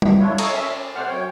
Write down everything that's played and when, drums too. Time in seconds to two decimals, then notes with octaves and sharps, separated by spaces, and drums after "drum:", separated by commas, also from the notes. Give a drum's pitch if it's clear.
0.02 drum: tom
0.19 D4 E4 F4 C#5
0.38 B2 A4 C#5 A#5 C#6 D#6, drum: cymbal
0.52 C#4 E5
0.70 D5
0.95 C3 A3 C5 D5 F#5 F6
1.08 F#2 C#5 G5